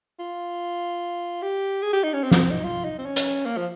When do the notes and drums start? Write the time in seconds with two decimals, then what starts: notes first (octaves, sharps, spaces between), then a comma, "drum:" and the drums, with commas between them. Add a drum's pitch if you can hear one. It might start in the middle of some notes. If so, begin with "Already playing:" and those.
0.19 F4
1.42 G4
1.83 G#4
1.93 G4
2.04 D#4
2.13 C#4
2.24 C4
2.31 A#3, drum: snare
2.37 C4
2.51 D#4
2.64 F4
2.85 D#4
2.99 C4
3.05 C#4
3.16 drum: hi-hat
3.46 A#3
3.57 F3